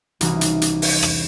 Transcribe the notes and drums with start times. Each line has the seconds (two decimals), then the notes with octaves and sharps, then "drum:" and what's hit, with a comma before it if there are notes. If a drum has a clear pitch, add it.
0.21 C2 E3 C#4 D#4 F#4 F6, drum: hi-hat
0.41 drum: hi-hat
0.62 drum: hi-hat
0.82 drum: open hi-hat
1.03 drum: rim click